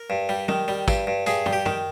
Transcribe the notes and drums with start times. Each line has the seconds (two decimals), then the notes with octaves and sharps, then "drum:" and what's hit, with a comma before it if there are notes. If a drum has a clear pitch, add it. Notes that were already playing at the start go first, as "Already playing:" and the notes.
Already playing: A#4
0.10 G2
0.29 G3
0.48 D#3, drum: tom
0.68 G3
0.88 G2, drum: kick, tambourine
1.07 G2
1.26 G2 G#4, drum: tambourine
1.46 G3, drum: tom
1.53 G4
1.66 D#3, drum: tom